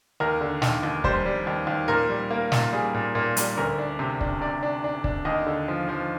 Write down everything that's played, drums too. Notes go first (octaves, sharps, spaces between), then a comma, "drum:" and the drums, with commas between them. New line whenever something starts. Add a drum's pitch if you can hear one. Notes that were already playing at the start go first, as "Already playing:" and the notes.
D#2 A#4
D3
D#2, drum: snare
D#2
G3 C5, drum: kick
G3
D#2
D#2
A#2 A#4
G3
A#3
A#2, drum: snare
G3 G#4
A#2
A#2
G3, drum: hi-hat
D2 A#4
D4
C3
D4, drum: kick
C3 D5
D4
D4
D4, drum: kick
D#2 D#5
D3
F3
F3